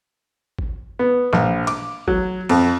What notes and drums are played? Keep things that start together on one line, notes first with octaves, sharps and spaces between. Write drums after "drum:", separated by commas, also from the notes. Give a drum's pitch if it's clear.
drum: kick G#1
B3
A#1, drum: snare
D6, drum: cymbal
F#3, drum: kick G#1
F2, drum: cymbal